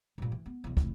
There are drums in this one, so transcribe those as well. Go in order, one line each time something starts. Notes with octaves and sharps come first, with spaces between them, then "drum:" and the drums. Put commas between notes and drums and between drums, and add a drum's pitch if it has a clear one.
G2 A#2
E3
B3
B1 E2
F1 E3, drum: kick